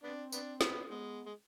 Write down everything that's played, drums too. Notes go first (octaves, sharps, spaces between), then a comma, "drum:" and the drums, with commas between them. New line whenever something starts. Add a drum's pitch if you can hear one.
B3 C4 D4
B3 D4, drum: tambourine
G#3 B3, drum: snare
G#3 B3
G#3